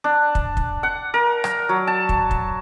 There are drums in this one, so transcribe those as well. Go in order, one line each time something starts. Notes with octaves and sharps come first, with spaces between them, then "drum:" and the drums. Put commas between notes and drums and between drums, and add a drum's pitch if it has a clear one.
D4
drum: kick
drum: kick
F#5
A#4
drum: rim click
F#3
A5
drum: kick
drum: kick